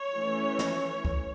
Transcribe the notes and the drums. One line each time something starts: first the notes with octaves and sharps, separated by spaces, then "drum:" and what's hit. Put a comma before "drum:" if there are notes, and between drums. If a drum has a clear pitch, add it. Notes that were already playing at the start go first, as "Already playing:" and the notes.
Already playing: C#5
E3 A3 C#4
drum: snare
drum: kick C2